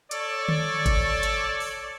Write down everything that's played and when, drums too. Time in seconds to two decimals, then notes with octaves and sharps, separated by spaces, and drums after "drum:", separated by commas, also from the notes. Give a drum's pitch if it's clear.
0.11 A4 C#5 D5, drum: hi-hat
0.48 drum: tom D3
0.86 drum: kick G1, hi-hat
1.23 drum: hi-hat
1.60 drum: open hi-hat